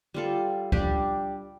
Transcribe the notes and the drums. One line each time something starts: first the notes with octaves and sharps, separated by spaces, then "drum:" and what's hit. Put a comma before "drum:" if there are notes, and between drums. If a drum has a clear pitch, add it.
G3 F4 A4
G3 D4 G4, drum: kick C#2